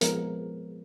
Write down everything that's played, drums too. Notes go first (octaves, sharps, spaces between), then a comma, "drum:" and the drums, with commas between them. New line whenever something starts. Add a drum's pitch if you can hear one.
F3 G#3 B3 A#4, drum: hi-hat